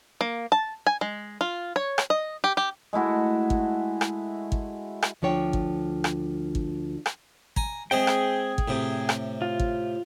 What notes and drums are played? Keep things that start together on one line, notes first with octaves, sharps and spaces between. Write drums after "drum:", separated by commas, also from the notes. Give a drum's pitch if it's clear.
A#3
A5
G#5
G#3
F4
C#5
drum: rim click
D#5
G4
G4
G#3 A3 E4 F#4
drum: kick
drum: rim click
drum: kick
drum: rim click
D2 F3 D4 C#5 G5
drum: kick
drum: rim click
drum: kick
drum: rim click
G#5 A#5, drum: kick
G#3 C4 G#4 E5 G5
drum: rim click
drum: kick
A2 C3
drum: rim click
F4
drum: kick